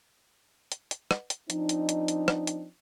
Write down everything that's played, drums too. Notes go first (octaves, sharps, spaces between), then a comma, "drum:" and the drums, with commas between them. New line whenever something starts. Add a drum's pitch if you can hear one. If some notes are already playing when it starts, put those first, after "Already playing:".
drum: hi-hat
drum: hi-hat
drum: rim click
drum: hi-hat
F3 C4 D4 D#4, drum: hi-hat
drum: hi-hat
drum: hi-hat
drum: hi-hat
drum: rim click
drum: hi-hat